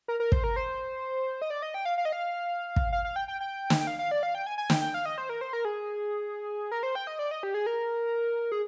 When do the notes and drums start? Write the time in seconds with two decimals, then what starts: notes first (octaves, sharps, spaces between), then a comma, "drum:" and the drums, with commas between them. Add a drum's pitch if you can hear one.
0.08 A#4
0.20 A#4
0.32 C5, drum: kick
0.44 A#4
0.56 C5
1.42 D#5
1.50 D5
1.62 D#5
1.74 G5
1.85 F5
1.98 F5
2.05 D#5
2.12 F5
2.76 drum: kick
2.92 F5
3.05 F5
3.16 G5
3.28 G5
3.41 G5
3.70 drum: snare
3.81 G5
3.87 F5
3.99 F5
4.11 D5
4.23 F5
4.35 G5
4.47 G#5
4.58 G#5
4.70 G5, drum: snare
4.81 G5
4.94 F5
5.06 D#5
5.18 C5
5.29 A#4
5.41 C5
5.53 A#4
5.65 G#4
6.72 A#4
6.83 C5
6.95 G5
7.07 D#5
7.19 D5
7.31 D#5
7.43 G4
7.54 G#4
7.66 A#4
8.52 G#4